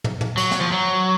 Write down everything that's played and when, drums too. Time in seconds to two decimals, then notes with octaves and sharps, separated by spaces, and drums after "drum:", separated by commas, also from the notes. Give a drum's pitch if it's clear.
0.04 drum: tom
0.21 drum: tom
0.37 F#3, drum: cymbal
0.51 drum: snare
0.61 F3
0.71 F#3